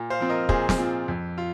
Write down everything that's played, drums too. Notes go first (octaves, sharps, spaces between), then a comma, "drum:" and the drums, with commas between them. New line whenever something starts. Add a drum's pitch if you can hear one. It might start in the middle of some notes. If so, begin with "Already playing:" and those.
Already playing: A#2
C5 F5
F3 C4
A#4 D#5
A#2 G#4 C5, drum: kick
drum: snare
F3 C4
F2
F4